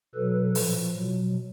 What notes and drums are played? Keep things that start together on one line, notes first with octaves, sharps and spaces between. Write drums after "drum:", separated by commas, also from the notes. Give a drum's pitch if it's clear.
B2 F#3 A4 B4
A#2 F3, drum: open hi-hat
B2 F#3